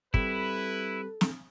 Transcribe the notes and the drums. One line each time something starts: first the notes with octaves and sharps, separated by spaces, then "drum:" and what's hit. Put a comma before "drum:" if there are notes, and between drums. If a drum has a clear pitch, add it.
G3 C4 E4 G4 A4 B4, drum: kick
drum: snare